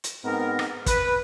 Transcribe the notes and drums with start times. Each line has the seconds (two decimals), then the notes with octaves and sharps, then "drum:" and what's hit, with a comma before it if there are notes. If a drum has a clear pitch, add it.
0.04 drum: hi-hat
0.24 G#2 B3 C4 A#4
0.59 drum: rim click
0.86 B4, drum: kick, hi-hat